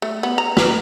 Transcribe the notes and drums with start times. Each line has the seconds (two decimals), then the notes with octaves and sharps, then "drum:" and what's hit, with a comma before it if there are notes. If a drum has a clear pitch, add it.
0.02 A3
0.23 B3
0.38 A#5
0.57 B4, drum: snare